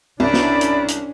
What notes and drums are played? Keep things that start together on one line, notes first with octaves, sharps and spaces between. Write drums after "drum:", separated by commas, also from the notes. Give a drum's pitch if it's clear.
C2 C#4 D4 E4 D5 B5
drum: snare
drum: hi-hat
drum: hi-hat